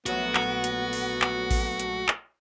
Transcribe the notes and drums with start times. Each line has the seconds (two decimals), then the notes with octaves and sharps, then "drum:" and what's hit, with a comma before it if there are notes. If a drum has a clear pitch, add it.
0.06 A#1 F#3 A3 B3 F#4, drum: hi-hat
0.35 drum: clap
0.64 drum: hi-hat
0.93 drum: open hi-hat
1.22 drum: clap
1.51 drum: kick A1, open hi-hat
1.79 drum: hi-hat
2.08 drum: clap